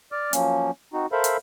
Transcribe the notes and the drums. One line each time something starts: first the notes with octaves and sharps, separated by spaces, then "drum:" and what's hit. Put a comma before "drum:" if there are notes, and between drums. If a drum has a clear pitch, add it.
D5 D6 F6
F3 F#3 A#3 C#4, drum: hi-hat
C4 D#4 F#4
A4 A#4 C5 E5 F5 B5
drum: hi-hat